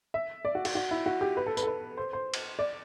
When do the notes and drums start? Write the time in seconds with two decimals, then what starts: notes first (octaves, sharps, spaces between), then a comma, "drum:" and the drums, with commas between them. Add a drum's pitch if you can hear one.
0.14 E5
0.45 D5
0.55 F#4
0.65 F#4, drum: cymbal
0.75 F#4
0.91 E4
1.06 F#4
1.21 G4
1.37 B4
1.46 A4
1.57 B4, drum: tambourine
1.63 A4
1.67 B4
1.97 C5
2.13 C5
2.34 drum: cymbal
2.59 D5